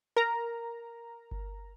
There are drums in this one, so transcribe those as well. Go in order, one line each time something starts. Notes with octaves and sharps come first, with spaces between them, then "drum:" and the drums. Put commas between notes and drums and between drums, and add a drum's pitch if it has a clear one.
A#4 A#5
drum: kick G1